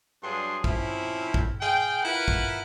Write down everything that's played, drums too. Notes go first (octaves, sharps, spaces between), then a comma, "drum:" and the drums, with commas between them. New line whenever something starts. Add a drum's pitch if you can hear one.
G2 F#3 D4 G#4 C6
F3 C4 C#4 E4, drum: kick
drum: kick
G#4 F5 G5
E4 F4 A#4 B4 F#5
drum: kick